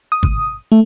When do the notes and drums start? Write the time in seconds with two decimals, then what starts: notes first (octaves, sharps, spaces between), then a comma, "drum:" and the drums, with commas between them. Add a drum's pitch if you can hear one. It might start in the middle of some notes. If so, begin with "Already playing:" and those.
0.12 D#6
0.23 drum: kick
0.72 A3